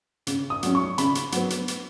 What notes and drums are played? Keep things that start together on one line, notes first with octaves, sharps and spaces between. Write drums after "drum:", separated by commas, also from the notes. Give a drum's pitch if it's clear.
C#3, drum: hi-hat
D#6
F#3 C#4, drum: hi-hat
C#6
C#3 B5, drum: hi-hat
drum: hi-hat
F#3 B3, drum: hi-hat
drum: hi-hat
drum: hi-hat